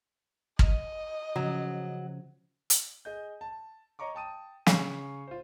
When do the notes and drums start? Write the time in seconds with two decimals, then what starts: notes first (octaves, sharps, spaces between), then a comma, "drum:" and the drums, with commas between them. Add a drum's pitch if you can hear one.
0.59 D#5, drum: kick
1.36 C#3 F3 F#3 C#4
2.70 drum: hi-hat
3.05 G#4 D#5 G6
3.41 A5
3.99 C#5 D#5 A#5 C#6 D6
4.15 G5 A5 D#6 D#7
4.67 C#3 G#4 C#5 C#6 C7, drum: snare
5.28 F4 C5